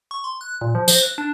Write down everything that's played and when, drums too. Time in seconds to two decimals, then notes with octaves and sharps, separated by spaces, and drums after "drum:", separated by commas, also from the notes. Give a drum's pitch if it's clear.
0.11 C#6
0.24 C6
0.41 F#6
0.61 A#2
0.75 F3
0.88 C5, drum: tambourine
1.03 F#6
1.18 D4